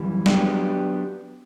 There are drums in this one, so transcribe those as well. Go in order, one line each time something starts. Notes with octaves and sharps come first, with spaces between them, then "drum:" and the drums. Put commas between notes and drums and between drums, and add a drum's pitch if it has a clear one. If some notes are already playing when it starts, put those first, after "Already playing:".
Already playing: F#2 E3 G3
F#3 B3 D4 G4, drum: snare